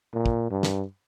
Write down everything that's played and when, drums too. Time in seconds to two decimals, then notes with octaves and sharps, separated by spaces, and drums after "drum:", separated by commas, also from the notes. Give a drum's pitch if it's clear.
0.14 A#2
0.26 drum: kick
0.51 G2
0.63 drum: snare